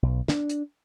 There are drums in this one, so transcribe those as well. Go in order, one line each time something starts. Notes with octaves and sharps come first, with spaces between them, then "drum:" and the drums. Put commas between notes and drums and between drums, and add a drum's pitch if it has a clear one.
B1
D4, drum: snare
drum: hi-hat